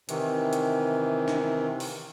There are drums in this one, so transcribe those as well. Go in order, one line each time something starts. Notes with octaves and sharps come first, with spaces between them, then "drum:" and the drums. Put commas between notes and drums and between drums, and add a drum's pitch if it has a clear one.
C3 D#3 E3, drum: hi-hat
drum: hi-hat
drum: snare
drum: open hi-hat